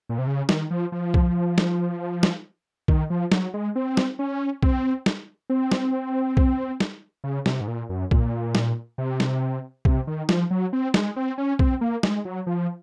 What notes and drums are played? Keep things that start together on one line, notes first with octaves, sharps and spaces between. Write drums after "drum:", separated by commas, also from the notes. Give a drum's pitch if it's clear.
A#2
C3
C#3
D#3, drum: snare
F3
F3
drum: kick B1
drum: snare
drum: snare
D#3, drum: kick B1
F3
F#3, drum: snare
G#3
C4
drum: snare
C#4
C4, drum: kick B1
drum: snare
C4
drum: snare
drum: kick B1
drum: snare
C#3
C3, drum: snare
G#2
A#2
F#2
A#2, drum: kick B1
drum: snare
C3
drum: snare
C3, drum: kick B1
D#3
F3, drum: snare
F#3
C4
G#3, drum: snare
C4
C#4
C4, drum: kick B1
A#3
G#3, drum: snare
F#3
F3